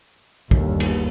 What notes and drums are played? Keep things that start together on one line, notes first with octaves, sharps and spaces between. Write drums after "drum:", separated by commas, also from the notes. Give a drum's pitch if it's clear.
G1 D#2, drum: kick
drum: cymbal